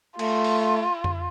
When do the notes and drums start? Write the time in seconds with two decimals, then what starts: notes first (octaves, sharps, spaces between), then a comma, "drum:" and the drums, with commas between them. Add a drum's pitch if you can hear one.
0.19 A3 F4, drum: cymbal
0.44 drum: open hi-hat
1.04 drum: tom F2